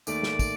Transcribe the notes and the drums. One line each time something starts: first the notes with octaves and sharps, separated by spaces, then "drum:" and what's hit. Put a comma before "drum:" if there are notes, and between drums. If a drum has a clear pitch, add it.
D#2 D#3 A3 D5, drum: tambourine
drum: snare
drum: kick, tambourine